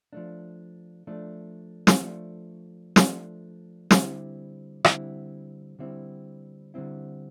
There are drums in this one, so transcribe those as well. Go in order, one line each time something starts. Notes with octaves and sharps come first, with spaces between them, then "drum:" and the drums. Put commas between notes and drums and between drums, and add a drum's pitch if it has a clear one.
F3 A3 D4
F3 A3 D4
drum: snare
F3 A3 D4
F3 A3 D4, drum: snare
D3 G3 C4 E4, drum: snare
D3 G3 C4 E4, drum: rim click
D3 G3 C4 E4
D3 G3 C4 E4